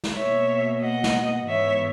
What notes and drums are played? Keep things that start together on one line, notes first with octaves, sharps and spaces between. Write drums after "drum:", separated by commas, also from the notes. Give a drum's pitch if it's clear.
drum: snare
B2 A#3 C#5 E5
D#5 F#5
drum: snare
G#2 E3 B3 C#5 E5